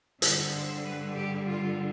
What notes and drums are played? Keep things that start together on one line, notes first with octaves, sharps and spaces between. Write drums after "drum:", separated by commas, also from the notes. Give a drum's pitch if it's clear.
G2 D3 G3 G#4, drum: hi-hat
C5
B4
G4
F4